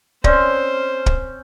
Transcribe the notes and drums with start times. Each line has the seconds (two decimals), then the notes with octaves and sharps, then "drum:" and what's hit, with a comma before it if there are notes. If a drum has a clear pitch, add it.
0.24 C4 C#4 C5 D5, drum: kick
1.06 drum: kick